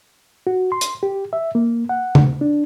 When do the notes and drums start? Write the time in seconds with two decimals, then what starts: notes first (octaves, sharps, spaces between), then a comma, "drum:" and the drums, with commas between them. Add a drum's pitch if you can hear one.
0.47 F#4
0.72 C6
0.81 drum: hi-hat
1.03 G4
1.33 E5
1.55 A#3
1.89 F#5
2.15 drum: tom C#3
2.41 D4